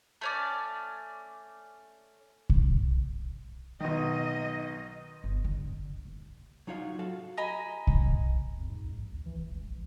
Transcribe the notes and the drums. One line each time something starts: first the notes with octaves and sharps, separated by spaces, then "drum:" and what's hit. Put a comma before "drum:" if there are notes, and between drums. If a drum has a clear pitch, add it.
A3 C#4 D5
drum: kick
B1 D#3 D#5
G1
D3
D3
D#1
F#3 D#4 F4 C#5 F5
F#4 A4 F5
D#5 G#5 A#5 B5
drum: kick
F2
G#2
C#2
A#1
D2
E3
E1
C#2
A#1